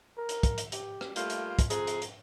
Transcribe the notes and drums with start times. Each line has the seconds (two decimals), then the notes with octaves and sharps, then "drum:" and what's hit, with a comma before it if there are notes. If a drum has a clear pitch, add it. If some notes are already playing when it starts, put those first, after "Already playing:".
0.17 A#4
0.29 drum: hi-hat
0.43 drum: kick, hi-hat
0.58 drum: hi-hat
0.72 G4, drum: hi-hat
1.01 drum: rim click
1.16 G3 A3 A#3 F4, drum: hi-hat
1.30 drum: hi-hat
1.59 drum: kick, hi-hat
1.70 F2 C4 G#4 A#5, drum: hi-hat
1.87 drum: hi-hat
2.02 drum: hi-hat